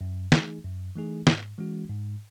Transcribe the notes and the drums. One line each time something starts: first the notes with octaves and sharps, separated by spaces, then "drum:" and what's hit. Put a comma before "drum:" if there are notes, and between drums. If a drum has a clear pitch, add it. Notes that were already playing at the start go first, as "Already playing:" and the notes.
F#2
E3 A3 D#4 G#4, drum: snare
F#2
E3 A3 D#4 G#4
G#2, drum: snare
E3 G#3 C#4 F#4
G#2